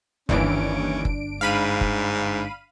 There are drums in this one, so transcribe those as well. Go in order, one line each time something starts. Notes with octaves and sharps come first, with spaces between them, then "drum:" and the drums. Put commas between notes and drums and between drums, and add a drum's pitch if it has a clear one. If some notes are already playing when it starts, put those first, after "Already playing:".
G1 D#2 E3 C#4 D4 D7, drum: kick F#1
drum: kick F#1
G#2 F5 B5 D#7
drum: kick F#1